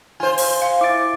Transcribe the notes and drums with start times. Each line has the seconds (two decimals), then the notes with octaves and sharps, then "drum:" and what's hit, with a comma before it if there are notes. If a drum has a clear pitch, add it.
0.20 F4 C5 G#5
0.38 drum: open hi-hat
0.62 F5
0.81 E4 E5 D6 A6 D7